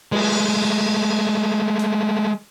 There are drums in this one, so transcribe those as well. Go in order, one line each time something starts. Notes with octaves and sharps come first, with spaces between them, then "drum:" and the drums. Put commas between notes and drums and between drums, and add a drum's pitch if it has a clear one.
G#3 A3, drum: cymbal
drum: hi-hat